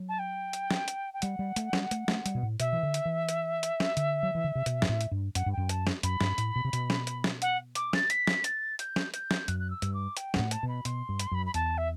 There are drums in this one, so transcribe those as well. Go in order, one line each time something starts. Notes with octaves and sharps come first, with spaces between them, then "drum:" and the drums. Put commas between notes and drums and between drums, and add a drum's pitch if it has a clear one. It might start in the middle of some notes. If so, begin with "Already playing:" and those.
Already playing: F#3
A5
G5
drum: hi-hat
drum: snare
drum: hi-hat
G5
G3 F#5, drum: hi-hat
G3
A3, drum: hi-hat
G3, drum: snare
A3, drum: hi-hat
A3, drum: snare
G3, drum: hi-hat
B2
A2
B2 E5, drum: hi-hat
E3
D3
drum: hi-hat
E3
drum: hi-hat
drum: hi-hat
drum: snare
D3, drum: hi-hat
F#3
E3
D3
C3
B2, drum: hi-hat
G2, drum: snare
A2
drum: hi-hat
G2
F#2 F#5, drum: hi-hat
G2
F#2 G5
A5, drum: hi-hat
drum: snare
F#2 B5, drum: hi-hat
G2, drum: snare
A2, drum: hi-hat
B2
C3
B2, drum: hi-hat
drum: snare
drum: hi-hat
drum: snare
F#5, drum: hi-hat
D6, drum: hi-hat
A6, drum: snare
B6, drum: hi-hat
drum: snare
A6, drum: hi-hat
G6, drum: hi-hat
drum: snare
G6, drum: hi-hat
drum: snare
F#2 F#6, drum: hi-hat
F#6
E6
G2, drum: hi-hat
D6
G5, drum: hi-hat
G2 F#5, drum: snare
A2
A5, drum: hi-hat
B2
B5
B2 C6, drum: hi-hat
G2
B5, drum: hi-hat
C6
F#2 B5
B5
E2 A5, drum: hi-hat
E5